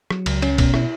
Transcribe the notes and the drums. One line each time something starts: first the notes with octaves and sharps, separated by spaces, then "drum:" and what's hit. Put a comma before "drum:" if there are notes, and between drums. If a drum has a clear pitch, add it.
F#3, drum: rim click
C#2, drum: cymbal
C#4, drum: cymbal
B2, drum: kick A#1, cymbal
E4, drum: rim click